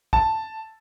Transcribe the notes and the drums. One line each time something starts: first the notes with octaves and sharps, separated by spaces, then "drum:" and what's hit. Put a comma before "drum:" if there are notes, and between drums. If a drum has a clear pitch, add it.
A5, drum: kick